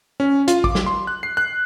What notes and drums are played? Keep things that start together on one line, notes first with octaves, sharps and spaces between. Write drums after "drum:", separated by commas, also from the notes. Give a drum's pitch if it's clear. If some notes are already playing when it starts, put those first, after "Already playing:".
C#4
F4, drum: hi-hat
D6, drum: kick
drum: snare
C6
F#6
C7
F#6